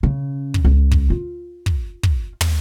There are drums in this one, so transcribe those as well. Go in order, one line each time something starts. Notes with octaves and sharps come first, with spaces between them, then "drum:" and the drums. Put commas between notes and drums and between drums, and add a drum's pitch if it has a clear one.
C#3
drum: kick
C#2
drum: kick
F4
drum: kick
drum: kick
drum: tom